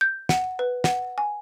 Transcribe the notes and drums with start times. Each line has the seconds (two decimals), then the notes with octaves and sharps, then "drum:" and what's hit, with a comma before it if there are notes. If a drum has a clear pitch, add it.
0.01 G6
0.29 F#5, drum: snare
0.59 B4
0.84 F#5, drum: snare
1.18 G#5